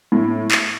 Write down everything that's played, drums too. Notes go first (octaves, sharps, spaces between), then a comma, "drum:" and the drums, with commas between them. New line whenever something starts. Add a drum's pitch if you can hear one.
A2
drum: clap